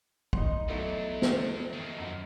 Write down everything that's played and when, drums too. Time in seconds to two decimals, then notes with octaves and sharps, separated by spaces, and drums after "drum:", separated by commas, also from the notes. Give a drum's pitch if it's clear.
0.33 D#4 C6, drum: kick
0.69 E2 F#3 A3 D#4
1.22 drum: snare
1.73 F2 D#3
1.98 F#2